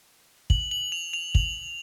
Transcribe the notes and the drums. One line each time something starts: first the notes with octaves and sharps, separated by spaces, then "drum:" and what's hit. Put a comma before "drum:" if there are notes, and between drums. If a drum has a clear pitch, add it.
F#7, drum: kick
F#7
F7
F7
F#7, drum: kick